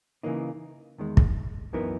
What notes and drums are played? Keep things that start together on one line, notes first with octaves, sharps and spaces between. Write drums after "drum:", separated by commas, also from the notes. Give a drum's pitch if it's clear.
C#3 E3 A#3 D#4
E2 D#3 G#3
drum: kick
F#2 E3 B3 D#4 A#4